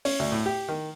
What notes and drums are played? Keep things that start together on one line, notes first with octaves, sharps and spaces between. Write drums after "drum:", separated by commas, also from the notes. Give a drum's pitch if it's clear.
C#4, drum: open hi-hat
D2
A2
G4
D#3